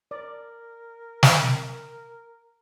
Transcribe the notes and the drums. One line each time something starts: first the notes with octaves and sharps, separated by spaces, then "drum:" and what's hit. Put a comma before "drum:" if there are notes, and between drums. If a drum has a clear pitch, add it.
A#4 D5
drum: snare